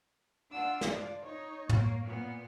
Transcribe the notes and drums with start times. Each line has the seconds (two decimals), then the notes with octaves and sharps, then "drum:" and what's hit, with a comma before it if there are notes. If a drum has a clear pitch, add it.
0.52 D4 F4 F#5 E6
0.81 D5, drum: snare
1.23 D#4 C#5
1.69 A#3, drum: tom
2.04 A#2 B3